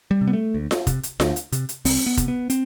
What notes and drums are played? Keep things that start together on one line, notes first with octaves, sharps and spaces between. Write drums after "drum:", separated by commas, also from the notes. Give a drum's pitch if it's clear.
G3
C3
B3
A3
D2
drum: snare F4
C3, drum: kick, hi-hat
drum: hi-hat
D2, drum: snare F4
drum: hi-hat
C3, drum: hi-hat
drum: hi-hat
C2 C4, drum: open hi-hat
B3
C3, drum: kick, hi-hat
B3
C4, drum: hi-hat